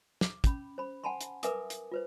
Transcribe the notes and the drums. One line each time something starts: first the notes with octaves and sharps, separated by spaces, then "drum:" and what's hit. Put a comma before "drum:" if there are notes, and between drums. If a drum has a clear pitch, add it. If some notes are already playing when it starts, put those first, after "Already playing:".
D6, drum: snare
C#4 B5, drum: kick, hi-hat
C5 B5
F#5 G#5 A5 B5 C6
drum: hi-hat
A#4 B4 E5 G#5 D6 D#6, drum: hi-hat
drum: hi-hat
F4 B4 C5